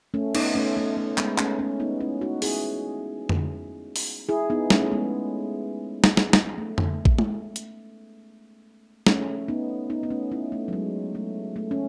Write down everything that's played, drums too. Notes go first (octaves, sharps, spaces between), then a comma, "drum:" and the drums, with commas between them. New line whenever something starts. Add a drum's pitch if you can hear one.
A3 C#4
B3 D#4, drum: cymbal
A3 C#4
A3
A3
G#3 B3, drum: clap
A3 C#4, drum: clap
A3 C#4
B3 D#4
C#4 E4
D#4 F#4
E4 G#4, drum: open hi-hat
drum: tom F2
drum: open hi-hat
E4 G#4
B3 D#4
A3 C#4, drum: snare
G#3 B3
drum: snare
drum: snare
drum: snare
A3
drum: tom F2
drum: kick A1
drum: tom G#3
drum: hi-hat
A3 C#4, drum: snare
B3 D#4
B3 D#4
B3
A3 C#4
C#4 E4
A3
F#3
G#3
A3
A3
C#4